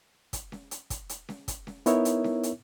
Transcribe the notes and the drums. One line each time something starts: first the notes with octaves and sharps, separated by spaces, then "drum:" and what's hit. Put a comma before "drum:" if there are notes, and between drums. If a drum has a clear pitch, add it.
drum: kick, hi-hat
drum: snare C#4
drum: hi-hat
drum: kick, hi-hat
drum: hi-hat
drum: snare C#4
drum: kick, hi-hat
drum: snare C#4
B3 D#4 E4 A#4 C#5 E5, drum: hi-hat
drum: hi-hat
drum: snare C#4
drum: hi-hat